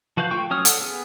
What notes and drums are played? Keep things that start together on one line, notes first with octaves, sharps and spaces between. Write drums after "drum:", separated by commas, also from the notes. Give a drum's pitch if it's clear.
F3 F#4 B4 F5 G6
A3 F4 G5 C#6
F#3 C#4 C#5 D#6 F6
A4 F#5, drum: hi-hat
B3 G#4